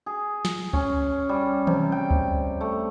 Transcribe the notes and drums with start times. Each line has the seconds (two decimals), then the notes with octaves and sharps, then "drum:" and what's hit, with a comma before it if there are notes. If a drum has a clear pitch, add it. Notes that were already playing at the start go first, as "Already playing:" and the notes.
0.06 G#4
0.45 drum: snare
0.73 C#4, drum: kick C#2
1.29 G3
1.67 C3, drum: tom D#3
1.92 G5
2.11 drum: kick C#2
2.61 A3